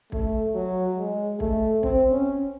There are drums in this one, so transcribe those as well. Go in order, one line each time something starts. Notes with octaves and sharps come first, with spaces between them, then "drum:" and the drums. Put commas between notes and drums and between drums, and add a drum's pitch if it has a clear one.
A3, drum: kick
F#3
G#3
A3, drum: kick
C4, drum: kick
C#4